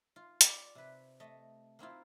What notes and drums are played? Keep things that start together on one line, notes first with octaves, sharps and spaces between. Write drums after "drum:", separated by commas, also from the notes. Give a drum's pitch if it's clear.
F4
D5 B5, drum: hi-hat
C3 B4
A3 D#5
A#3 C4 E4 F4